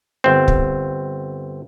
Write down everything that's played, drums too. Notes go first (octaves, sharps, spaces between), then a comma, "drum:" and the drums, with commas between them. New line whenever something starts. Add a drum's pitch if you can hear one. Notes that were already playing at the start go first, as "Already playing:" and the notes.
G1 C4
drum: kick